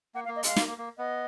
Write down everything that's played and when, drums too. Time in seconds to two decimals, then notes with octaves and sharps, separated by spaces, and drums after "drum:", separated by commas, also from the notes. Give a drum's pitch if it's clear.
0.15 A#3 F#5
0.25 F5
0.28 A#3
0.36 D#5
0.43 G#3 F5, drum: hi-hat
0.56 A#3, drum: snare
0.67 A#3
0.78 A#3
0.98 B3 D#5